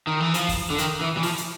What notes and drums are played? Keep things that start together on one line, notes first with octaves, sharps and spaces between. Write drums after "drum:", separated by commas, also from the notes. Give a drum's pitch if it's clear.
D#3
E3
F3, drum: hi-hat
drum: kick F2, open hi-hat
D3
D#3, drum: hi-hat
E3
E3
F3, drum: open hi-hat
drum: hi-hat